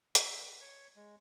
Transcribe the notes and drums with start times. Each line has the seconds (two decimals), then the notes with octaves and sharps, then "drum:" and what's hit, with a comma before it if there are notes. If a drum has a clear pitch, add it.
0.15 E5, drum: hi-hat
0.61 C#5
0.96 G#3